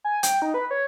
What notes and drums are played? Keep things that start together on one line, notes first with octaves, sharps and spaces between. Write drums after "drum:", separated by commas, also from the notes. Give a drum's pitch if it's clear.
G#5
G5, drum: hi-hat
D#4
B4
C#5